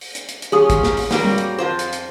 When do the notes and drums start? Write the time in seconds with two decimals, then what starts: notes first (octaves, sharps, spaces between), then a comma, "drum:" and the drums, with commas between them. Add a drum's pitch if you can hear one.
0.01 drum: open hi-hat
0.15 drum: hi-hat
0.29 drum: hi-hat
0.42 drum: hi-hat
0.52 C#4 F4 G4 G#4 D#6
0.70 drum: kick, hi-hat
0.83 drum: snare
0.97 drum: open hi-hat
1.11 F#3 G3 A#3, drum: snare
1.24 drum: tom G3
1.38 drum: hi-hat
1.59 F2 F4 C5
1.79 drum: hi-hat
1.93 drum: hi-hat